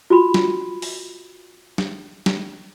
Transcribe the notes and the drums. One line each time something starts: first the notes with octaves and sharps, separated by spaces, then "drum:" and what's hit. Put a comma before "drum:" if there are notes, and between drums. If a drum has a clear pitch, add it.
F4 F#4 B5
drum: snare
drum: open hi-hat
drum: snare
drum: snare